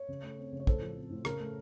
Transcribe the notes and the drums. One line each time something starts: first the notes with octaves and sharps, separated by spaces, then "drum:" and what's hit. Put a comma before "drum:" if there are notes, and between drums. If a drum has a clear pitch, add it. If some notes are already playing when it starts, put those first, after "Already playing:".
Already playing: C#5
C#3
A3
C4
C#3
C#5
A2 A4 C5, drum: kick
F3
C4
A2
C#3 A#4, drum: rim click
A3